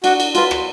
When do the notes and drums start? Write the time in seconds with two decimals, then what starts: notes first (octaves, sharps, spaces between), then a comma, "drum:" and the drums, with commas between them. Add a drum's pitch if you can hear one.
0.04 D4 F#4, drum: cymbal
0.20 drum: cymbal
0.35 F4 F#4 B4, drum: cymbal
0.51 drum: rim click